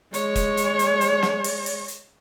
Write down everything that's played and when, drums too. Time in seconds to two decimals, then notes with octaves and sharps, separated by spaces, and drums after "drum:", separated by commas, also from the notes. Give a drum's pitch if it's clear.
0.14 G#3 C#5, drum: hi-hat
0.35 drum: kick, hi-hat
0.57 drum: hi-hat
0.79 drum: hi-hat
1.01 drum: hi-hat
1.23 drum: snare
1.44 drum: open hi-hat
1.66 drum: open hi-hat
1.88 drum: hi-hat